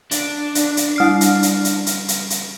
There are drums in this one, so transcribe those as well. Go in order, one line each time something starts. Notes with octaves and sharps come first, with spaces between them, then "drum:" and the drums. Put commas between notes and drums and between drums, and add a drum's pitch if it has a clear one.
D4, drum: hi-hat
drum: hi-hat
drum: hi-hat
G3 F6 C7
drum: hi-hat
drum: hi-hat
drum: hi-hat
drum: hi-hat
drum: hi-hat
drum: hi-hat